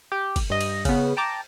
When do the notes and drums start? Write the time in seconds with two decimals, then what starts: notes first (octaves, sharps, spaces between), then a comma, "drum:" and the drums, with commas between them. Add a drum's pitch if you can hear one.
0.12 G4
0.36 drum: kick, cymbal
0.50 G2 D#5
0.61 drum: cymbal
0.85 C#3 B3, drum: kick, cymbal
1.17 G5 A5 A#5 D6